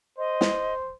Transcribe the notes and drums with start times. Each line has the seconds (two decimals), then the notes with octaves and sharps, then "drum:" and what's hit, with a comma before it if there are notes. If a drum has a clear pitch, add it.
0.18 C5 D#5
0.41 drum: snare